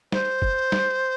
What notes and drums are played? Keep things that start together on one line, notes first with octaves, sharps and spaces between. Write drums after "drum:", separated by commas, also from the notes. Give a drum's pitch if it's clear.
C5, drum: snare
drum: kick
drum: snare